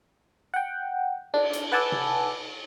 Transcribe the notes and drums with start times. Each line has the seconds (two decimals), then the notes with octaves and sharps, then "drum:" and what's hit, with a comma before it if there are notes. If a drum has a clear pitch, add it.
0.54 F#5 G5
1.34 D4, drum: cymbal
1.53 drum: hi-hat
1.72 B4 F#5 G#5 A5 D6 E6
1.92 drum: tom C3